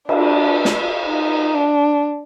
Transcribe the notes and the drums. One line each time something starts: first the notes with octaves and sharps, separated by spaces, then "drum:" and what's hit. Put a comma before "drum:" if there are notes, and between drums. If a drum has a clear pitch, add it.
D4, drum: cymbal
drum: snare
D#4
D4